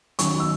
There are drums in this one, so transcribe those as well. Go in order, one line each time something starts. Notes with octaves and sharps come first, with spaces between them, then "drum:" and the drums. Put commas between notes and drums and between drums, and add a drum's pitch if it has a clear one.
D#3 F#3 C#4 C#6, drum: hi-hat
E6